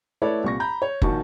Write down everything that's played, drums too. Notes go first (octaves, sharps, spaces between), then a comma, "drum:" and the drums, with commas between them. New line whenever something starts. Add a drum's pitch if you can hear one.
A3 E4 A4 B4 C#5 D5
C2 A#2 C#6 A#6
A#5 B5 G6
C#5
A#1 D#3 F#4 A5 C#6, drum: kick